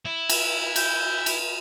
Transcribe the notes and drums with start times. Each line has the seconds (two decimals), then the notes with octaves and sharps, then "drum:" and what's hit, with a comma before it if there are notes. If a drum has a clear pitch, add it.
0.05 E4
0.29 drum: cymbal
0.76 G6, drum: cymbal
1.26 drum: cymbal